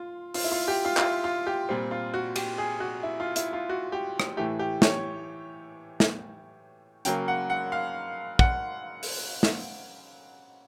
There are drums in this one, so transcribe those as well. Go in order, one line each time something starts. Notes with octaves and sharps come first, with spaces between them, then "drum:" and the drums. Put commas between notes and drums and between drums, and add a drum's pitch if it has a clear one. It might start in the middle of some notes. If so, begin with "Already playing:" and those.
Already playing: F4
F4, drum: open hi-hat
E4
F4
G4
F4
F4, drum: clap
E4
F4
G4
A#2 G3 C4 F4
F4
F#4
G4, drum: cymbal
G#4
F#4
E4
F4
E4, drum: hi-hat
F4
F#4
G4
drum: rim click
A2 E3 A3 G4
G4
C#5, drum: snare
drum: snare
C#3 F#3 A#3 G5, drum: hi-hat
F#5
F#5
F5
F#5, drum: kick
drum: open hi-hat
drum: snare